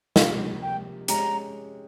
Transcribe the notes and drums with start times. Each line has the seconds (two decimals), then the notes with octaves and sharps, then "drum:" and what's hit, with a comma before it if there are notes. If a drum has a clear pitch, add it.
0.16 C3 F3 A#3 F4 F5, drum: snare
0.62 G5
1.08 G#3 C#4 G4 A#5, drum: hi-hat